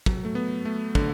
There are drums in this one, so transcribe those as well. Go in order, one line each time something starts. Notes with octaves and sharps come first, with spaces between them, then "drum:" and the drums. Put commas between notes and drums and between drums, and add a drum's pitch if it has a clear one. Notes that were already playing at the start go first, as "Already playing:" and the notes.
F#3, drum: kick
A3
B3
A3
D3, drum: kick